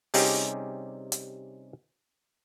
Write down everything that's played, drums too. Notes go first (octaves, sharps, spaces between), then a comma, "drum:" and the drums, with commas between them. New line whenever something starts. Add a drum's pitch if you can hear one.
C3 G3 C#4 D#4 G4 G#4, drum: open hi-hat
drum: hi-hat